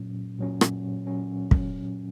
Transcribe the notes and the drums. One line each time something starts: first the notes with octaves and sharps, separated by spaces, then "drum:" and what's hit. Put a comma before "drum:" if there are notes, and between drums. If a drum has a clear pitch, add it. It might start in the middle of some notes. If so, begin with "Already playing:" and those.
Already playing: A#2 F#3 C#4
A#2 F#3 C#4
drum: rim click
A#2 F#3 C#4
drum: kick